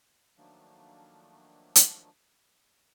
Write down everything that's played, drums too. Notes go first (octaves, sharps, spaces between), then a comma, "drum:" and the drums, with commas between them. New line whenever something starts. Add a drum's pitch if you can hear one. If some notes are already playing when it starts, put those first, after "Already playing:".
D#3 F3 F#3 A3 A#3 D4
drum: hi-hat